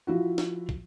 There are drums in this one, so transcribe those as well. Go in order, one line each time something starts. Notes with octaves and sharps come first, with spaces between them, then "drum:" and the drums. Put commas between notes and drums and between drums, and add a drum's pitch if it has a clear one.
F3 E4 F#4
drum: snare
drum: kick